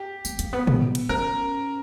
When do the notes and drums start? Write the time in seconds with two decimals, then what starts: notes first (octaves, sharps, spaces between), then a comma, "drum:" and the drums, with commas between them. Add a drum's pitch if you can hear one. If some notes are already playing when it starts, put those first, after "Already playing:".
Already playing: G4
0.25 A#3, drum: tambourine
0.39 A#3, drum: hi-hat
0.53 B3
0.67 B3, drum: tom
0.95 drum: cymbal
1.09 C#4 A#4